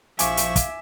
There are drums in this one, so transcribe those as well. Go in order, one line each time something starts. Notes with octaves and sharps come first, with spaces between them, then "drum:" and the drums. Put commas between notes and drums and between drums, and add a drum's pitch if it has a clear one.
A#1 F3 E5 F5 G#5 C#6 D6, drum: hi-hat
drum: hi-hat
drum: kick, hi-hat